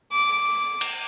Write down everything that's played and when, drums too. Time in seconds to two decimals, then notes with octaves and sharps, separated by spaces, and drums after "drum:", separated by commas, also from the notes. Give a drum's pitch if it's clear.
0.12 D6
0.81 drum: cymbal